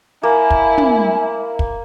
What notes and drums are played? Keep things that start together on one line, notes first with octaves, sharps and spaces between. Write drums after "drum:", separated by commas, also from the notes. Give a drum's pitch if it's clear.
A#3 E4 G#5
drum: kick
drum: tom
drum: kick